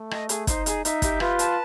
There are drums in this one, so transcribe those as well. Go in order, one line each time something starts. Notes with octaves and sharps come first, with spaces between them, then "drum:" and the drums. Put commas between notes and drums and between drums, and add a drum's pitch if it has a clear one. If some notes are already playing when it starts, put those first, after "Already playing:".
Already playing: A3
D#5, drum: rim click
G#4, drum: hi-hat
D#4 C5, drum: kick, hi-hat
G#4, drum: hi-hat
D#4 E5, drum: hi-hat
G4, drum: kick, hi-hat
F4 B4, drum: rim click
A5, drum: hi-hat